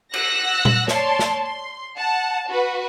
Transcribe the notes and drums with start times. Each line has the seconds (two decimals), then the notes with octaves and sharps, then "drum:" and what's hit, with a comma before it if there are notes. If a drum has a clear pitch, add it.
0.14 F#5 E6 F#6 A#6, drum: cymbal
0.65 drum: tom A#2
0.88 C#5 D5 A5 C6, drum: snare
1.19 drum: snare
1.42 C6
1.97 F#5 A5
2.48 F#4 B4